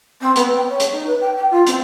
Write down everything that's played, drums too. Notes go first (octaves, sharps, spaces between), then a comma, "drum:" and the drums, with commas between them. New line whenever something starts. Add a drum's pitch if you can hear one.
C4
B3, drum: hi-hat
G5
C#5
drum: hi-hat
D#4
B4
G5
G5
F4
C4, drum: hi-hat